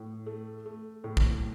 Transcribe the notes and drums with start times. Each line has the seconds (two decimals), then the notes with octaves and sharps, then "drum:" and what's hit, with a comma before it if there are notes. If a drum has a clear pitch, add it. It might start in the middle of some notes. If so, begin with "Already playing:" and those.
Already playing: A2
0.26 A3
0.66 A3
1.04 A2
1.17 drum: kick